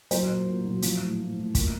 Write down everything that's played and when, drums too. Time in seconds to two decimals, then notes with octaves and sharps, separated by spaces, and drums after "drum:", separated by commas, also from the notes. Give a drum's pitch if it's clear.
0.11 F#3 C5, drum: hi-hat
0.28 A#2
0.47 A#2
0.65 F#3
0.82 F3, drum: hi-hat
1.02 A2
1.20 A2
1.36 A2
1.55 A#2, drum: kick, hi-hat